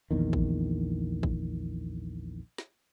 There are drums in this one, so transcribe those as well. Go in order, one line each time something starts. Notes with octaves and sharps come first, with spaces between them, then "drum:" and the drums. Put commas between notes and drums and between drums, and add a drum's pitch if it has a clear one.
A#1 E2 D#3
drum: kick A1
drum: kick A1
drum: snare